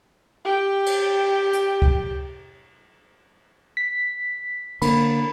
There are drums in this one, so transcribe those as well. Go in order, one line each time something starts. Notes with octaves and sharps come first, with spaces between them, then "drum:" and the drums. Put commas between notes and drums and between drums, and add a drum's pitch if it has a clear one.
G4 G5
drum: cymbal
drum: hi-hat
drum: kick C#2
B6
D3 A#3 B5, drum: cymbal